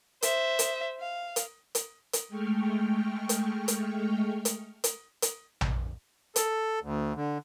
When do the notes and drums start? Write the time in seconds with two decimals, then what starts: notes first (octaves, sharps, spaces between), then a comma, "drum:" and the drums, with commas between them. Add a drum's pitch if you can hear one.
0.22 C5 E5, drum: hi-hat
0.59 drum: hi-hat
1.00 F5
1.36 drum: hi-hat
1.75 drum: hi-hat
2.13 drum: hi-hat
2.28 G#3 A3 G5 C#6 F6
3.29 drum: hi-hat
3.68 drum: hi-hat
4.45 drum: hi-hat
4.84 drum: hi-hat
5.22 drum: hi-hat
5.61 drum: tom A#1
6.36 A4, drum: hi-hat
6.82 D2
7.15 D3